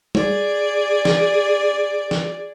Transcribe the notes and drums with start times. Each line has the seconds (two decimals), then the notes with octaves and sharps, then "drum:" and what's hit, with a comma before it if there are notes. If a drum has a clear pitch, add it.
0.15 G#4 D5, drum: tom
1.05 drum: snare
2.11 drum: snare